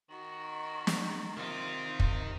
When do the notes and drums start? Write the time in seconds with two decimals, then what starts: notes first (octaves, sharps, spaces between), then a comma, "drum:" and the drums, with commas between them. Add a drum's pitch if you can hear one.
0.10 D#3 F#4
0.87 drum: snare
1.37 C3 D#3 D#4 F4 D6
2.00 drum: kick